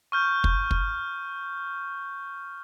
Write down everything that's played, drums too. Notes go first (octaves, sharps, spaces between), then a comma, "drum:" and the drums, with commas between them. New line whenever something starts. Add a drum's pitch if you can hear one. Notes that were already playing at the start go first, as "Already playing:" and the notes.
C#6 F6 G6
drum: kick
drum: kick